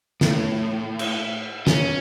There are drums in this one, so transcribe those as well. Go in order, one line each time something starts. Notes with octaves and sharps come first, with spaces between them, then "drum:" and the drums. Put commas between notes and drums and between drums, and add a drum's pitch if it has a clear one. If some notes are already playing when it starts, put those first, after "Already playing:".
A2, drum: snare
drum: cymbal
C#4, drum: snare